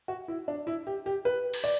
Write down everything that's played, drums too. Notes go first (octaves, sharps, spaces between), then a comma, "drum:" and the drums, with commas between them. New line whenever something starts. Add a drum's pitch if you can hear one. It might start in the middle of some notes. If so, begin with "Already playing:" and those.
F#4
E4
D4
E4
G4
G4
B4
drum: cymbal
D5